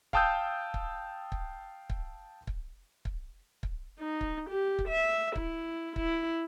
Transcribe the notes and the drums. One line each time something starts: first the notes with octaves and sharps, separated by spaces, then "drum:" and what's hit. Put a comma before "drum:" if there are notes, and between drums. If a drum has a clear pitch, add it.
F5 G5 A5 D#6 E6 G6, drum: kick
drum: kick
drum: kick
drum: kick
drum: kick
drum: kick
drum: kick
D#4
drum: kick
G4
drum: kick
E5
E4, drum: kick
E4, drum: kick